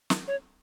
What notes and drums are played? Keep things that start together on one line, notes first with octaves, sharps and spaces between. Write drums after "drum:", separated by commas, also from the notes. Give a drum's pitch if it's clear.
drum: snare
C#5